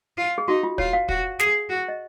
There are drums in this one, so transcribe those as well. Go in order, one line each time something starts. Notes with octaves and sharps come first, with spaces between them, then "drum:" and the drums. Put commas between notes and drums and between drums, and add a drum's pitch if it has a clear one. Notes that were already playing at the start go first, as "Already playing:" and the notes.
F4
G#4
D#4 F#4
F4
F4 C#5, drum: kick
F5
F#4, drum: kick
G#4, drum: snare
F#4
D#5